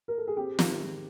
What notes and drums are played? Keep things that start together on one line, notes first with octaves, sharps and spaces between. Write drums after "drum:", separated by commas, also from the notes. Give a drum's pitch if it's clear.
A#4
A4
G#4
C4 G4
D#3, drum: snare
G#3